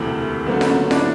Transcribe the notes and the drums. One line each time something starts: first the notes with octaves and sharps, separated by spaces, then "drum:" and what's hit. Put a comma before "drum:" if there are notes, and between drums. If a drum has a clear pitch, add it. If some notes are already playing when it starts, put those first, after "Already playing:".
Already playing: E1 D2 C3 E3 A3 A#3
D3 F#3 A3 A#3 C4
B3 C#4, drum: snare F4
D4 E4, drum: snare F4